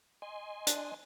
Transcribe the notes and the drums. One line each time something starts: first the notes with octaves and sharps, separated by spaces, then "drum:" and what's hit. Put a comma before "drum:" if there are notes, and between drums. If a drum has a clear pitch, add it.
D#5 G#5 C6
D4, drum: hi-hat